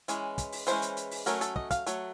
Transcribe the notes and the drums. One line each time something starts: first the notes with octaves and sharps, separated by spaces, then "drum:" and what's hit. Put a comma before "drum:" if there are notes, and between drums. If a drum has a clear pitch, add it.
E3 G#3 C#4, drum: hi-hat
drum: kick, hi-hat
drum: open hi-hat
E3 G#3 C#4 C5, drum: hi-hat
drum: hi-hat
drum: hi-hat
drum: open hi-hat
F#3 A3 C#4 A#4, drum: hi-hat
A4, drum: hi-hat
D#5, drum: kick
F5, drum: kick, hi-hat
F#3 A3, drum: hi-hat